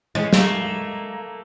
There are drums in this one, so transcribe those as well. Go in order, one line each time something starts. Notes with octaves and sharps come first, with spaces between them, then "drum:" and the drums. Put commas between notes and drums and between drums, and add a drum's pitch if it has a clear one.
E3 G#3 C#4
A3 A#3, drum: snare